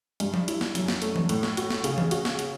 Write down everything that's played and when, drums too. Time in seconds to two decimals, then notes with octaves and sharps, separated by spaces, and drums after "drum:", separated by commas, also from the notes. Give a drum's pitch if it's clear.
0.20 G2, drum: hi-hat
0.34 drum: tom F3
0.48 E4, drum: hi-hat
0.61 drum: snare
0.75 F#2, drum: hi-hat
0.88 drum: snare
1.02 A3, drum: hi-hat
1.16 drum: tom E3
1.29 A2, drum: hi-hat
1.43 drum: snare
1.57 F#4, drum: hi-hat
1.70 drum: snare
1.84 C#3, drum: hi-hat
1.98 drum: tom E3
2.11 F#4, drum: hi-hat
2.25 drum: snare
2.39 drum: hi-hat